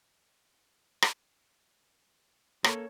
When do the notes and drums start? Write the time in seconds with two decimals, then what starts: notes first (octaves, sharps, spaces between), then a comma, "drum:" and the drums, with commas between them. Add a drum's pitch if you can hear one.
1.02 drum: rim click
2.64 A#3 A4 C#5, drum: rim click